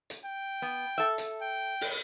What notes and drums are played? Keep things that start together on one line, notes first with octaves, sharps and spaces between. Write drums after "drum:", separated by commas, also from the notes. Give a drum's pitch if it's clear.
drum: hi-hat
G5
B3
A4 E5
drum: hi-hat
G5
drum: open hi-hat